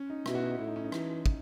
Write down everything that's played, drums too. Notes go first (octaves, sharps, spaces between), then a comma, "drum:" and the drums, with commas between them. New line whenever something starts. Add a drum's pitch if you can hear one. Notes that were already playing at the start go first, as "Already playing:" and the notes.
Already playing: C#4
D#4
B2 E4, drum: rim click
F#4
D#4
F#4
A2 E4
D#4
C#4
D#4
E3, drum: rim click
drum: kick